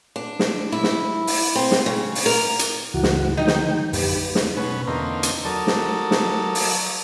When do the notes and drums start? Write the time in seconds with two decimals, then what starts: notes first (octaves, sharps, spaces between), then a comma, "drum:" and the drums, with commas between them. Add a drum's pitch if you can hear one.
0.16 D4
0.39 drum: snare
0.72 E4
0.83 drum: snare
1.27 drum: open hi-hat
1.55 C4
1.71 drum: snare
1.86 C#3
2.15 drum: open hi-hat
2.26 A#4
2.59 drum: hi-hat
2.94 C#2 G2 E3 F#4
3.03 drum: snare
3.37 D3 D#3 F3 D#4 G5
3.47 drum: snare
3.93 A1 F2 D3 G4 B4, drum: open hi-hat
4.35 drum: snare
4.57 B2 C#4 B4
4.87 E2 D3 A#3 C4 D#4
5.23 drum: hi-hat
5.45 F#3 A4 A#4 D5 A5 D#6
5.67 drum: snare
6.11 drum: snare
6.55 drum: open hi-hat